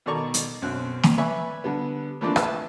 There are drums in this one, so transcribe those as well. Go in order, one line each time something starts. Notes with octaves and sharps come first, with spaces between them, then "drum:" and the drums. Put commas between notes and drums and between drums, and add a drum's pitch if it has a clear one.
B2 D#3 A4 D5 A#5 C#6
drum: hi-hat
B1 F#2 C4 F#6
drum: snare
B4 D5 E5 G#5 B5 C#6
D3 G3 B3
E3 F3 A3 A#3 C4 D4
B4 E5 A5, drum: rim click